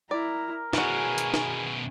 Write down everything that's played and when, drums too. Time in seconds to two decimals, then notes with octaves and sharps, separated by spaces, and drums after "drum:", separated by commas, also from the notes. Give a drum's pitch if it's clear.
0.11 E4 A#4 D5 A#5
0.73 B2 E3 C#4 F#4 G#4 G#5, drum: snare
1.18 drum: hi-hat
1.34 drum: snare